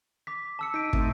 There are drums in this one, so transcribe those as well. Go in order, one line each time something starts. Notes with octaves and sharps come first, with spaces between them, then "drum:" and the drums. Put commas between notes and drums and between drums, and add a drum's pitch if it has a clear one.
D6 B6
A5 E6 C#7
D#4 B6 D7
A3 C4 D#4, drum: kick